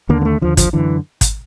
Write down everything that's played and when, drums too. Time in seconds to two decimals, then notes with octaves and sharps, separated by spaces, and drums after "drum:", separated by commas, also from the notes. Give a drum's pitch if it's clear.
0.09 D#2 D3 A#3
0.21 A#3
0.25 A3
0.41 D#2 D3 F3
0.57 F3, drum: kick, hi-hat
0.73 F#2 D3 E3
1.21 drum: kick, hi-hat